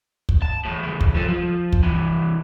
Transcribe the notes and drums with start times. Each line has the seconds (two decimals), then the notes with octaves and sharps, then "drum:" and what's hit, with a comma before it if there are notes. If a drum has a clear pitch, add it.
0.29 drum: kick
0.42 A5
0.65 E2 A2
0.83 C#3 E3
1.01 drum: kick
1.15 F3 A4
1.28 F3
1.73 drum: kick
1.83 C3 E3